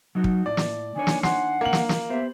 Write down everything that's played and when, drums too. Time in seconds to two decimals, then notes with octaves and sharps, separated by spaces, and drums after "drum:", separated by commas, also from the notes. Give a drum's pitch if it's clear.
0.15 F#3 D#4 F#4
0.24 drum: kick
0.46 A2 D5
0.57 drum: snare
0.96 D#3 D4 C#5 G#5
1.07 drum: snare
1.23 F#5 G#5 C6 C7, drum: snare
1.61 A#3 F#7
1.73 drum: snare
1.89 drum: snare
2.10 B3 G4 C5 E5